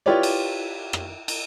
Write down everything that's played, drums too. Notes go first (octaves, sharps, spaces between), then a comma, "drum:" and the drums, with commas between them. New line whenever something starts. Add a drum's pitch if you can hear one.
E4 F4 G4 B4 C#5 D5
drum: cymbal
drum: rim click
drum: cymbal